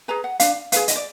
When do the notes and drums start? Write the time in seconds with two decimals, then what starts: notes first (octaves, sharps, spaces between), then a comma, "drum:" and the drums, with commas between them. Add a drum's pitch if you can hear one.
0.08 G#4 B4 A#5
0.24 F#5
0.40 D4 F5, drum: hi-hat
0.72 G#4 B4 F5, drum: hi-hat
0.88 D#5, drum: hi-hat
0.96 D5